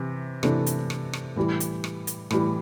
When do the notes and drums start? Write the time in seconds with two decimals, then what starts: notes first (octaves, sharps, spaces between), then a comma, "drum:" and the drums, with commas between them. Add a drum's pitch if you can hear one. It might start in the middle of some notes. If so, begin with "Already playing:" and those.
Already playing: C3 E3
0.43 C3 E3 A3 D4, drum: rim click
0.67 drum: hi-hat
0.90 drum: rim click
1.13 drum: rim click
1.36 A2 E3 G3
1.60 drum: hi-hat
1.84 drum: rim click
2.07 drum: hi-hat
2.31 A2 E3 G3, drum: rim click